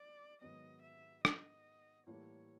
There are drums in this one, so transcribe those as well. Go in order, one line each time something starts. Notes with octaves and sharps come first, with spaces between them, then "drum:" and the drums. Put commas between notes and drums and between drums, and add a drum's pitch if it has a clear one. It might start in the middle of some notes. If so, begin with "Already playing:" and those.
Already playing: D5
G#2 D#3 F#3 B3 D#5
E5
D#5, drum: rim click
A2 E3 G3 A#3 C#5